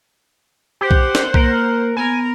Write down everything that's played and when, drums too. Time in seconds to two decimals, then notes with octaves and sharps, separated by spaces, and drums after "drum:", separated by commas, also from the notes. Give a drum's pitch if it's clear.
0.81 G4 C5 F#5
0.91 drum: kick B1
1.15 drum: snare
1.34 A#3 A#4, drum: kick B1
1.97 B3 A#4 G#5